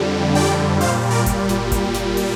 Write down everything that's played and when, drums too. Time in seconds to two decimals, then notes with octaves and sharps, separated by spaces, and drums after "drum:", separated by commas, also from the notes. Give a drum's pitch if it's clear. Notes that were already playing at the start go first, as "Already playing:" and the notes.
Already playing: F2 D3 G3
0.35 D5 G5
0.81 A#2 G3 C5 F5, drum: open hi-hat
1.11 A#4 D5
1.26 drum: kick G1, hi-hat
1.49 drum: snare
1.72 drum: kick G1, hi-hat
1.94 drum: snare
2.17 drum: open hi-hat